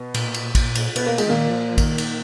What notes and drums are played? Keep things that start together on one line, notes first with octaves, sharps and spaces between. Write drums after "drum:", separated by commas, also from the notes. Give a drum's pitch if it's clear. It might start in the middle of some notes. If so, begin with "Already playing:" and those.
Already playing: B2 B3
A#2, drum: cymbal
drum: cymbal
drum: kick A1, cymbal
drum: cymbal
B2 B3, drum: cymbal
A#3
G#3, drum: cymbal
D#3
A#2 A#3
F3
F3
D#3, drum: kick A1, cymbal
drum: cymbal